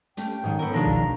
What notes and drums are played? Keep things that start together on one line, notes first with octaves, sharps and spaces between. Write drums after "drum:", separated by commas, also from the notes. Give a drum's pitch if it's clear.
A3 C#4 G4 G5, drum: hi-hat
G#2 D#3 F#3 C#5
B3 C#4 A4 A#4
B2 D#3 F3 G#3 D4 A#4 A#5
drum: kick